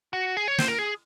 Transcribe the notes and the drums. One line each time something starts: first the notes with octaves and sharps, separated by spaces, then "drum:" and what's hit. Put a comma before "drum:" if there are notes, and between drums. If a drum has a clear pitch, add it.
F#4
G#4
C#5
C5, drum: snare
A#4
G#4